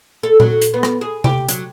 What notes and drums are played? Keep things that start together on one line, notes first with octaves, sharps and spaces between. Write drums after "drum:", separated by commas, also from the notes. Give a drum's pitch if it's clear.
A4
F#3, drum: tom A#2
drum: hi-hat
B3
drum: rim click
G#4
G4, drum: tom C3
F#3, drum: hi-hat